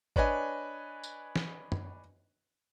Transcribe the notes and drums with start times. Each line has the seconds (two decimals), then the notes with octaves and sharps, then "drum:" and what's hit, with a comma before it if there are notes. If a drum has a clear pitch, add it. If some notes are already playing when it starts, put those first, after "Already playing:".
0.16 D4 B4 C#5 D#5 G#5, drum: kick G#1
1.04 drum: tambourine
1.36 drum: snare
1.72 drum: tom